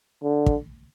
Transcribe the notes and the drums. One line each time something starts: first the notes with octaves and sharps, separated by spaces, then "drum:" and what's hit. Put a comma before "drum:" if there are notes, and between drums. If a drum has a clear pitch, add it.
D3
drum: kick